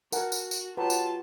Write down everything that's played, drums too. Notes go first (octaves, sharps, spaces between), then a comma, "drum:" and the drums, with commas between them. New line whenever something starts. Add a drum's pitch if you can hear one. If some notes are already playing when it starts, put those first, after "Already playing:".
F#4 A#4 F#5 G#5 A5, drum: tambourine
drum: tambourine
drum: tambourine
F#3 F4 G4 B4 A5
drum: tambourine